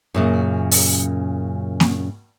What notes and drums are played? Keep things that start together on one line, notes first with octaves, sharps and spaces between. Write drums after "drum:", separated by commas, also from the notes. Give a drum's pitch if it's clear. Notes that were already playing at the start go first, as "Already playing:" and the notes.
F#2 A#2 C#3
drum: open hi-hat
drum: snare A#3